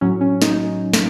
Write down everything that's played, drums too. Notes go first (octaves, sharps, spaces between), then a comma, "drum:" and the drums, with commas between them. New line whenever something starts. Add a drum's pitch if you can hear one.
A2 F#3 C#4
C#4
D#4, drum: snare
drum: snare